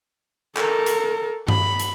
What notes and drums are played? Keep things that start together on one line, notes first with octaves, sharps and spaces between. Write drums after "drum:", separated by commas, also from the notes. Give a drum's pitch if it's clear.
A4 A#4, drum: clap
drum: hi-hat
B5, drum: tom G2
drum: hi-hat